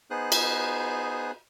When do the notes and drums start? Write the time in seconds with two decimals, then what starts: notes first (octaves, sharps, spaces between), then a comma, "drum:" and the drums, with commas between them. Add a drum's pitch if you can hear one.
0.11 B3 D#4 G#4 C5 D#6 F#6
0.32 drum: cymbal